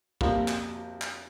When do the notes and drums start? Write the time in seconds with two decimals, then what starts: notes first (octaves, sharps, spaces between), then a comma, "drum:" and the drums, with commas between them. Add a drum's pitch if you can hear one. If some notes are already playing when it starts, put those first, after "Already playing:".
0.21 F2 C3 G3 A#3, drum: kick
0.48 drum: clap
1.02 drum: clap